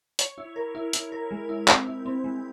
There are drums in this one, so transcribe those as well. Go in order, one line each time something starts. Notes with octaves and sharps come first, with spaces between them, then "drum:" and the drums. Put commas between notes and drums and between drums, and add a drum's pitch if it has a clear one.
C#5, drum: hi-hat
E4
A#4
E4
E4, drum: hi-hat
A#4
G#3
E4
C4, drum: clap
E4
C4
G#3